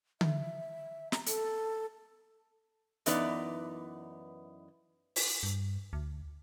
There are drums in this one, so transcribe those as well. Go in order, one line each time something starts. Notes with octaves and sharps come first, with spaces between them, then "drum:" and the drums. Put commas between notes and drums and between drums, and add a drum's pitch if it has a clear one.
E5, drum: tom D3
A#5, drum: snare
A4, drum: hi-hat
F#2 E3 B3 D#4 B4 D5, drum: hi-hat
drum: open hi-hat
G2
D2